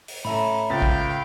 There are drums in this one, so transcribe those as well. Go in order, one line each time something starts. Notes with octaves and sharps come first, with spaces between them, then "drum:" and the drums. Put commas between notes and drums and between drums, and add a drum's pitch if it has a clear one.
drum: open hi-hat
A2 C#4 A4 E5 A#5 B5
C#2 F5 G5 A6 B6
drum: kick